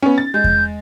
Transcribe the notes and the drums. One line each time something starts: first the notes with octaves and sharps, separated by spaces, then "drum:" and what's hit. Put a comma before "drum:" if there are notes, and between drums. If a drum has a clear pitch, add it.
B3 C#4
A6
G#3 G6
drum: kick E2